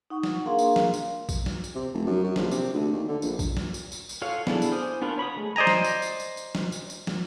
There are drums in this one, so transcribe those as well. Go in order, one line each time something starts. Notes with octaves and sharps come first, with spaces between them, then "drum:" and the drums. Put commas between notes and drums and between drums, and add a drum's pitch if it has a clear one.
D#4 F#5 C#6
drum: snare
A#3 D4 G#4 A#4 F5 C6
drum: tambourine
drum: snare
drum: tambourine
drum: kick A#1, tambourine
drum: snare
drum: tambourine
C3
F1
F#2
F#2
A#1, drum: snare
C3, drum: tambourine
D2
D#2
D3
A#1, drum: tambourine
drum: kick A#1, tambourine
drum: snare
drum: tambourine
drum: tambourine
drum: tambourine
F4 A4 C#5 F5 F#5
B3 D4 E4 G#4 A4, drum: snare
drum: tambourine
C5 G#5 D6 D#6 F6
B3 D4 F4 A#4 B4
C#5 B5 C#6 D#6
G#3 A3 G#4
C5 D5 D#5 G#5 A#5
drum: snare
drum: tambourine
drum: tambourine
drum: tambourine
drum: tambourine
drum: snare
drum: tambourine
drum: tambourine
drum: snare